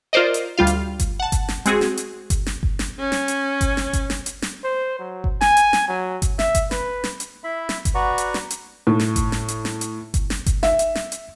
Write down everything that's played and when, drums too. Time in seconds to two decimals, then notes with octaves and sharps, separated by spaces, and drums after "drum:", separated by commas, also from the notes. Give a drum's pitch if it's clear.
0.13 F4 A#4 C5 D5 D#5
0.34 drum: hi-hat
0.58 D2 G3 F4 F5
0.67 drum: hi-hat
1.00 drum: kick G1, hi-hat
1.20 F#5 A5
1.32 drum: kick G1, hi-hat
1.48 drum: snare
1.66 G#3 C4 F#4 G#4, drum: hi-hat
1.81 drum: snare
1.97 drum: hi-hat
2.30 drum: kick G1, hi-hat
2.46 drum: snare
2.63 drum: kick G1
2.79 drum: snare
2.99 C#4
3.12 drum: snare
3.28 drum: hi-hat
3.61 drum: kick G1, hi-hat
3.77 drum: snare
3.93 drum: kick G1, hi-hat
4.10 drum: snare
4.26 drum: hi-hat
4.42 drum: snare
4.64 C5
4.99 F#3
5.24 drum: kick G1
5.41 G#5, drum: snare
5.57 drum: hi-hat
5.73 drum: snare
5.88 F#3
6.22 drum: kick G1, hi-hat
6.39 E5, drum: snare
6.55 drum: kick G1, hi-hat
6.71 B4, drum: snare
7.04 drum: snare
7.20 drum: hi-hat
7.44 E4 E5 B5
7.69 drum: snare
7.85 drum: kick G1, hi-hat
7.95 F#4 B4 D5 F#5 A#5 C#6
8.18 drum: hi-hat
8.34 drum: snare
8.51 drum: hi-hat
8.87 A2
8.99 drum: snare
9.16 drum: kick G1, hi-hat
9.32 drum: snare
9.48 drum: hi-hat
9.65 drum: snare
9.81 drum: hi-hat
10.14 drum: kick G1, hi-hat
10.30 drum: snare
10.46 drum: kick G1, hi-hat
10.63 E5, drum: snare
10.79 drum: hi-hat
10.95 drum: snare
11.12 drum: hi-hat